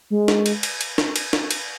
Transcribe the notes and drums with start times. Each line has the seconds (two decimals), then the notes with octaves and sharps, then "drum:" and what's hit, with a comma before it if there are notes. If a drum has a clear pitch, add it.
0.10 G#3
0.28 drum: snare
0.46 drum: cymbal
0.63 drum: cymbal
0.81 drum: cymbal
0.98 drum: snare
1.16 drum: cymbal
1.33 drum: snare
1.51 drum: cymbal